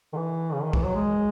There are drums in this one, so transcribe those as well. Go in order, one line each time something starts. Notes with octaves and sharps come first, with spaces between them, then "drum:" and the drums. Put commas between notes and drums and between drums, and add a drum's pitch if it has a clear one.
D#3
E3
C#3
D#3
E3, drum: kick
F#3
G#3